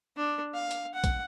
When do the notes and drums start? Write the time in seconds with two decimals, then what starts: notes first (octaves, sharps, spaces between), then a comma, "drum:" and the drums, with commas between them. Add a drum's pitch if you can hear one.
0.17 D4
0.54 F5
0.71 drum: hi-hat
0.94 F#5
1.04 drum: kick, hi-hat